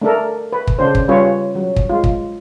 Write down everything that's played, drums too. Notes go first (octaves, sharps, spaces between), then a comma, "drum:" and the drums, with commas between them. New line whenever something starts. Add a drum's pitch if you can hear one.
A3 D4 A4 A#4
B4
drum: kick
C#3 D4 C5
drum: kick
G3 C#4 F4 B4 C#5
F#3
drum: kick
G#3 F4
drum: kick